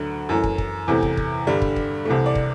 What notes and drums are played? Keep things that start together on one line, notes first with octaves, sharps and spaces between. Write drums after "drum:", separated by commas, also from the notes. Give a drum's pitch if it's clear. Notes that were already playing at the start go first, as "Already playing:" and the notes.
Already playing: D2 D3 F#3 A3
F#2 E3 A3
drum: kick
drum: kick
E2 C3 E3 A3
drum: kick
drum: kick
G2 D3 G3
drum: kick
drum: kick
C2 C3 E3 A3
D5
drum: kick